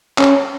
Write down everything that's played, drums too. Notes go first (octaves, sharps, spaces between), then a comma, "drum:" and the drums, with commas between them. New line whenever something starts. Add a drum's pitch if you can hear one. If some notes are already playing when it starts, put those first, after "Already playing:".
C#4, drum: clap